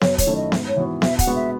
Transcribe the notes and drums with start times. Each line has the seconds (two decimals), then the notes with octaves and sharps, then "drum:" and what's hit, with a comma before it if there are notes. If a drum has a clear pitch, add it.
0.01 F#2 C#5, drum: snare B3
0.18 C#5, drum: kick, hi-hat
0.27 D#3 A3 C#4 E4
0.35 D#5
0.52 G#2, drum: snare B3
0.68 C#5
0.77 E3 B3 F#4
1.02 B2 E5, drum: snare B3
1.19 F#5, drum: kick, hi-hat
1.27 G#3 B3 F#4
1.35 E5